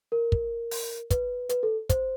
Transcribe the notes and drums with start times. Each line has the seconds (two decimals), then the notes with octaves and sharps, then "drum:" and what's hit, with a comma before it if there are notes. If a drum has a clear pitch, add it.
0.12 A#4
0.32 drum: kick
0.71 drum: open hi-hat
1.10 B4, drum: kick, hi-hat
1.49 B4, drum: hi-hat
1.63 A4
1.89 C5, drum: kick, hi-hat